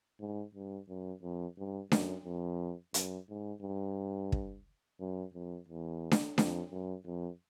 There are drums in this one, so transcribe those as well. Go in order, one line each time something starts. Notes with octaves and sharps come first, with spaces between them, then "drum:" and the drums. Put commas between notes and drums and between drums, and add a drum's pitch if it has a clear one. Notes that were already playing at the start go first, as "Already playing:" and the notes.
G#2
G2
F#2
F2
G2
F#2, drum: snare D4
F2
F#2, drum: hi-hat
G#2
G2
drum: kick
F#2
F2
E2
drum: snare D4
F2, drum: snare D4
F#2
F2